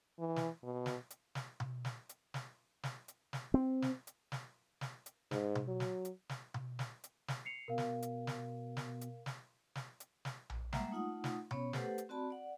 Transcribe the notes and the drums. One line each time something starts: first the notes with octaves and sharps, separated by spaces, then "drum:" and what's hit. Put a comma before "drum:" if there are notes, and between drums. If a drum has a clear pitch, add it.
E3
drum: snare
B2
drum: snare
drum: hi-hat
drum: snare
drum: tom B2
drum: snare
drum: hi-hat
drum: snare
drum: snare
drum: hi-hat
drum: snare
C4
drum: snare
drum: hi-hat
drum: snare
drum: snare
drum: hi-hat
G#2, drum: snare
drum: tom B2
F#3
drum: snare
drum: hi-hat
drum: snare
drum: tom B2
drum: snare
drum: hi-hat
drum: snare
C7 C#7 F7
B2 A#4 F5
drum: snare
drum: hi-hat
drum: snare
drum: snare
drum: hi-hat
drum: snare
drum: snare
drum: hi-hat
drum: snare
drum: tom A#1
G3 G#3 A#3 E5 F#5 A#5, drum: snare
A3 D#4 F4 F#5 D#6
drum: snare
B3 C#4 C#5 B5, drum: tom B2
A3 G4 A4 B4 C5 F#5, drum: snare
drum: hi-hat
C4 F#4 D5 A5 B5
D5 F#5